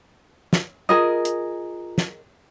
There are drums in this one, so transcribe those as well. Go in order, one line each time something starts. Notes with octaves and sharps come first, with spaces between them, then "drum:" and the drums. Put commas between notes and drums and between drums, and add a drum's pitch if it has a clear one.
drum: snare
F4 G#4 A#4 D#5 A#5
drum: hi-hat
drum: snare